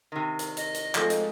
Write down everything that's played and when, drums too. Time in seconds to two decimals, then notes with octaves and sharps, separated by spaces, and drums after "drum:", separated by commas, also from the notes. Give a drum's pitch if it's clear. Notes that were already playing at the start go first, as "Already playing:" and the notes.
0.12 C3 D#3
0.39 drum: hi-hat
0.57 D#5, drum: hi-hat
0.75 drum: hi-hat
0.95 F3 G#3 A3 C4 D#4, drum: clap
1.10 drum: hi-hat